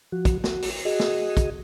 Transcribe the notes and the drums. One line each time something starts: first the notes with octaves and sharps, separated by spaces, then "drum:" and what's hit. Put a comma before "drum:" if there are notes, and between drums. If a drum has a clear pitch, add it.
F3 F#4
drum: kick, hi-hat
F#4, drum: snare
drum: open hi-hat
F#4 G#4 D#5
drum: snare
drum: kick, hi-hat